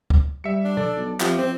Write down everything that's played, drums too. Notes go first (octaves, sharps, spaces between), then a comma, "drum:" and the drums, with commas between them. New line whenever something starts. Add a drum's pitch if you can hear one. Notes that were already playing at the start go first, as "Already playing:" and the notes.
drum: kick
G3 E5 C#7
D4
A4 D5, drum: tom B2
B1
F2 F3 G4 E5, drum: clap
F2 C4